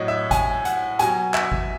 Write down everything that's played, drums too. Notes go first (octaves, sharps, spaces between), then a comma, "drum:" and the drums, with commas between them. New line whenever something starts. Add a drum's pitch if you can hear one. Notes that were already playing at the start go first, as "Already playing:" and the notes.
Already playing: A2 F#3 C#5 D#5
E5
G#5, drum: kick G#1, hi-hat
F#5, drum: hi-hat
B2 F#3 G#5, drum: hi-hat
E5, drum: clap
drum: kick G#1